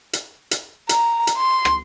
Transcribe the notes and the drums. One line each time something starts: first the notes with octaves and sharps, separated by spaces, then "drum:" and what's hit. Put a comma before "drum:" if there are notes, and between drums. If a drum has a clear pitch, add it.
drum: hi-hat
drum: hi-hat
A#5, drum: hi-hat
drum: hi-hat
C6
drum: rim click